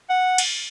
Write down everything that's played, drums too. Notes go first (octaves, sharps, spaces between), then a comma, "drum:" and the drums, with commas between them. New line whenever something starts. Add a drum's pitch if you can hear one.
F#5
drum: cymbal